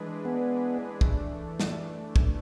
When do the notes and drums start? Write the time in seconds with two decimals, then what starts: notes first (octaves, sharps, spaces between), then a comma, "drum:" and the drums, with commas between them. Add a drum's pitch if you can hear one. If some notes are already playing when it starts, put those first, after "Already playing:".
Already playing: E3 G#3 D4 G#4 B4
0.25 B3
1.01 E3 A3 D4, drum: kick
1.60 drum: snare
2.16 drum: kick